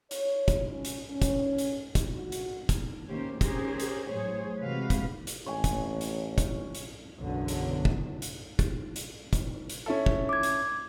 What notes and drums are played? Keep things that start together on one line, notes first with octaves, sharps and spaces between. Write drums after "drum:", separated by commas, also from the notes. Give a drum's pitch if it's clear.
C#5, drum: hi-hat
drum: kick, hi-hat
C#4
drum: hi-hat
C#4
drum: kick, hi-hat
drum: hi-hat
drum: kick, hi-hat
F#4
drum: hi-hat
drum: kick, hi-hat
D#3 A#3 C#4 G4 C5
C#4 G4 G#4 A#4 C5, drum: kick, hi-hat
drum: hi-hat
A2 F#3 G#4 C5 C#5
C3 E3 G#3 F#4 B4 F5
drum: kick, hi-hat
drum: hi-hat
A1 C#5 G#5
drum: kick, hi-hat
drum: hi-hat
drum: kick, hi-hat
drum: hi-hat
F#1 B1 E2 D3 F#3
drum: hi-hat
drum: kick
drum: hi-hat
drum: kick, hi-hat
drum: hi-hat
drum: kick, hi-hat
drum: hi-hat
C#4 E4 A4
drum: kick
D6 G#6
drum: hi-hat